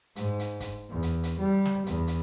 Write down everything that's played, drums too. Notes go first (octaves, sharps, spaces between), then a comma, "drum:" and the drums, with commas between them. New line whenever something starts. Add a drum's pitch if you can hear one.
G#2, drum: hi-hat
drum: hi-hat
drum: kick, hi-hat
E2
drum: hi-hat
drum: hi-hat
G3
drum: snare
E2, drum: hi-hat
drum: hi-hat